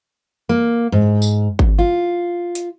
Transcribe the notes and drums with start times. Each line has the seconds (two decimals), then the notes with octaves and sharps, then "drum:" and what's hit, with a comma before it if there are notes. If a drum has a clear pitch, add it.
0.49 A#3
0.92 G#2
1.22 drum: tambourine
1.59 drum: kick G#1
1.79 F4
2.55 drum: hi-hat